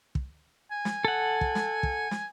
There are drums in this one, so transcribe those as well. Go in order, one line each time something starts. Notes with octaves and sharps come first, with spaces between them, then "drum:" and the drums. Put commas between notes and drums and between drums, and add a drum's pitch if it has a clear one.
drum: kick
G#5
drum: snare
A4 F#5
drum: kick
drum: snare
drum: kick
drum: snare